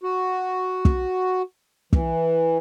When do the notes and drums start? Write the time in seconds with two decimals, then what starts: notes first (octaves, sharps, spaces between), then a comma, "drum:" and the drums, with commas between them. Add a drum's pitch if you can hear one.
0.03 F#4
0.85 drum: kick
1.93 E3, drum: kick